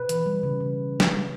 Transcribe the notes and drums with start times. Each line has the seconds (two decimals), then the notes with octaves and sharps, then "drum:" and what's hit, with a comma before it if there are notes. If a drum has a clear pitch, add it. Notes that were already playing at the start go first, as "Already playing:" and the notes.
Already playing: B2 B4
0.09 E3, drum: hi-hat
0.26 G3
0.43 C#3
0.60 C#3
1.00 drum: snare